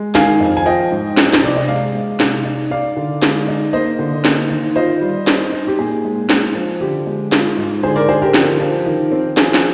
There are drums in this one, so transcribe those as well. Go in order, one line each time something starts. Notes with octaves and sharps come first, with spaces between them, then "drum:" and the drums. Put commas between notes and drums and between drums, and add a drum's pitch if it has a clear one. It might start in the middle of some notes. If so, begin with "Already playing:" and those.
Already playing: G#3
D#3 F5 G#5, drum: snare
F2
G#5
F3 D#5 G5
G#2
F3, drum: snare
C5, drum: snare
C3 D5
D#5
G#3 D5 F5
G#3
C3, drum: snare
D#4
D#4 D5 F5
D3
G#3, drum: snare
D#4
A#3 C5 D#5
D3
A#3, drum: snare
D#3
F4 C5 D#5
G3
C4, drum: snare
D#4
G4
A#2 G#4
G#3
C4, drum: snare
F3
D3 G4
G#3
F4, drum: snare
G#2
D3 G#4 C5
A#4 D5
D3 G#4 C5
G4 A#4
F3, drum: snare
F3
D#3
C4
F3 G#4, drum: snare
drum: snare